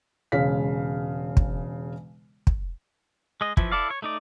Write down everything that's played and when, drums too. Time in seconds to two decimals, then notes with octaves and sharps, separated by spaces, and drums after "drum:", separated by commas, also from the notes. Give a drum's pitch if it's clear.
0.32 E1 C#3 G#3 F5 B6
1.37 drum: kick
2.47 drum: kick
3.41 G#3 D#5
3.57 E3 F3 E4, drum: kick
3.72 E4 A4 D5 F5
3.90 C#5
4.02 A3 D#4 D5